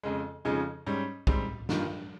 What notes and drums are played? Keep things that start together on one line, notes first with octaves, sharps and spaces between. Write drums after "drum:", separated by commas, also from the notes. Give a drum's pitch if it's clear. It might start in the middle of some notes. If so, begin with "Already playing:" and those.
F2 C#3 G#3
F2 C#3 F3 G#3 D#4
G#2 G3 C#4
G#2 G3 C4, drum: kick
G2 D#3 A#3 F4, drum: snare